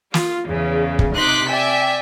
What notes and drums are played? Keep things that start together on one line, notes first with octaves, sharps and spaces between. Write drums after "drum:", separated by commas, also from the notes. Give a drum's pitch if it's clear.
F4, drum: snare
E2 C#3
drum: kick
C3 D#4 C6 D6 F#6 B6
D5 E5 G5 G#5